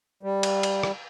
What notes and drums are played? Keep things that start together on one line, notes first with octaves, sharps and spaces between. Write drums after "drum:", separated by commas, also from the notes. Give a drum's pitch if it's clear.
G3
drum: cymbal
drum: cymbal
drum: rim click